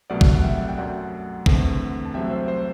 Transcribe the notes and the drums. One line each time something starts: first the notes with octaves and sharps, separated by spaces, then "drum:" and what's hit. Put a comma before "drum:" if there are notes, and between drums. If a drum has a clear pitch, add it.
C2 B2 F#3 A3 D5 F#5
drum: kick
F#5
E5 G5
G5
F#2 F#3 A3 D5 F#5
E2 D3 A3 C4, drum: kick
A5
C2 C3 F#3 A3 E5 G5
C5 E5
C5